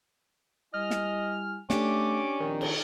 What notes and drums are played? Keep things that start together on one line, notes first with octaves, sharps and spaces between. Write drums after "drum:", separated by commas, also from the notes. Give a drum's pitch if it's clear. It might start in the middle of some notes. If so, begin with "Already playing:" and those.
G3 E4 D#5 G#5 F6
drum: snare
A3 C#4 D4 G4 D6, drum: snare
A#1 D#3 C4
drum: cymbal